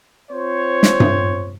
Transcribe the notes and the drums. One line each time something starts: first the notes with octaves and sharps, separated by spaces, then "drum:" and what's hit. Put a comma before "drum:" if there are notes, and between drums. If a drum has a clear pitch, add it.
C4 F4 C5 C#5
drum: snare
drum: tom G2